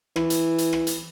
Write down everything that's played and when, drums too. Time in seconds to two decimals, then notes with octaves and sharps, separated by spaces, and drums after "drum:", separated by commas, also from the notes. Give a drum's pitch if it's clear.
0.16 E3, drum: rim click
0.30 drum: hi-hat
0.58 drum: hi-hat
0.73 drum: rim click
0.87 drum: hi-hat